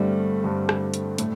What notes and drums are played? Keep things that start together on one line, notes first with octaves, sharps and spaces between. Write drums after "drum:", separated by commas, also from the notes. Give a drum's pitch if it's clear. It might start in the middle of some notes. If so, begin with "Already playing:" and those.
Already playing: G2 D3 G3 A3 C4
G2 D3 A3 C4
drum: rim click
drum: hi-hat
A2 A3, drum: hi-hat